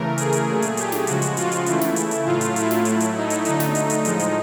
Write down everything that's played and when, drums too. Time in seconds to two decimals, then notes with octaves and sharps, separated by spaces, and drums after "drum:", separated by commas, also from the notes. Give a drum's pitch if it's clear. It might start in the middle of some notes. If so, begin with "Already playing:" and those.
Already playing: C#3 E3 A3 A#4
0.18 G#4, drum: hi-hat
0.33 drum: hi-hat
0.47 A#2 F#3 A3
0.62 drum: hi-hat
0.77 G4, drum: hi-hat
0.92 drum: snare
1.07 C#3 F3 G#3 F#4, drum: hi-hat
1.22 drum: hi-hat
1.37 F4, drum: hi-hat
1.52 drum: hi-hat
1.66 C#3 E3 A3 E4, drum: hi-hat
1.81 drum: snare
1.96 drum: hi-hat
2.11 drum: hi-hat
2.26 A2 F#3 A3 F4
2.41 drum: hi-hat
2.56 E4, drum: hi-hat
2.71 drum: snare
2.85 A2 F#3 A3, drum: hi-hat
3.00 drum: hi-hat
3.15 D#4
3.30 drum: hi-hat
3.45 D3 F#3 A3 D#4, drum: hi-hat
3.60 drum: snare
3.75 drum: hi-hat
3.90 drum: hi-hat
4.05 A2 F3 G#3, drum: hi-hat
4.19 drum: hi-hat